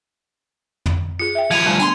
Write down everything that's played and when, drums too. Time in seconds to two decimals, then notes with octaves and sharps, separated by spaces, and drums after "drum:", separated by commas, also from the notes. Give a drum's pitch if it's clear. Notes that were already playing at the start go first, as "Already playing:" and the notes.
0.86 drum: tom
1.19 F4 G#4 C#7
1.35 E5 G5
1.51 F3 E4 G#6 D#7 F7, drum: open hi-hat
1.66 D2 F3 G3 G#5
1.79 A3 B3 D4 G#5 C6, drum: hi-hat